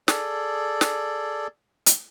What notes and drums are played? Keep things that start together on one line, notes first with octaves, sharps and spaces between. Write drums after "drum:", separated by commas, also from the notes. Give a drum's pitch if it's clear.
G#4 A4 D5, drum: snare
drum: snare
drum: hi-hat